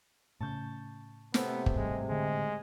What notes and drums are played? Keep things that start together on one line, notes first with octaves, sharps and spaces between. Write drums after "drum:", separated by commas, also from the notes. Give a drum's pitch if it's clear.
A2 C#3 A5 C#6 G6
C3 A3 B3 A4 C5, drum: snare
drum: kick
G#2 G3 G#3
A2 D3 G#3